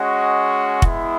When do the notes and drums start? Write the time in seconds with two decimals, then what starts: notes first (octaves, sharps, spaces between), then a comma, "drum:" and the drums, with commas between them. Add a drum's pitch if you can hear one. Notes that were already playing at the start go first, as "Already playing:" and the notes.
Already playing: G#3 C#4 F#4 D#5 F#5
0.82 G#3 B3 E4, drum: kick